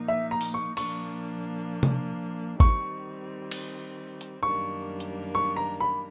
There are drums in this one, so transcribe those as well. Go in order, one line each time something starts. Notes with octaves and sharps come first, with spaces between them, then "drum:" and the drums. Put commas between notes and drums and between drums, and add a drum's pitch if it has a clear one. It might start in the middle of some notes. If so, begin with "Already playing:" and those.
Already playing: A#2 F3 A#3 D#4
E5
A#5
drum: open hi-hat
C#6
A#2 F3 A#3 D4 C#6, drum: cymbal
drum: tom C3
D#3 G3 C4 C#6, drum: kick G#1
drum: cymbal
drum: hi-hat
F#2 D#3 G3 A#3 D4 C#6
drum: hi-hat
C#6
A#5
B5